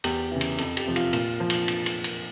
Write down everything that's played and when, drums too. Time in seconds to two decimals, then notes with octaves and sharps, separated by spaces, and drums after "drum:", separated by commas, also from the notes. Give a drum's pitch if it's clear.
0.04 E2 G4, drum: cymbal
0.31 C#3 E3
0.41 drum: cymbal
0.58 F2, drum: cymbal
0.77 G4, drum: cymbal
0.87 C3 F3
0.96 F4, drum: cymbal
1.13 A#2 F4, drum: cymbal
1.40 F3
1.50 drum: cymbal
1.68 drum: cymbal
1.86 drum: cymbal
2.04 drum: cymbal